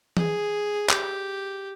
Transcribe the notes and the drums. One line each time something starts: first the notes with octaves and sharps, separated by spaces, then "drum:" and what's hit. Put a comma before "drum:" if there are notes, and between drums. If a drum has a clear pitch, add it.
G#4, drum: tom E3
G4, drum: clap